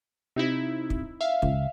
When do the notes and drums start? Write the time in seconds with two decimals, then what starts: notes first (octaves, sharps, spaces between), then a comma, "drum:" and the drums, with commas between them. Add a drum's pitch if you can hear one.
0.36 C3 C4 D#4 E4
0.90 drum: kick
1.21 E5 F5
1.42 C#2, drum: kick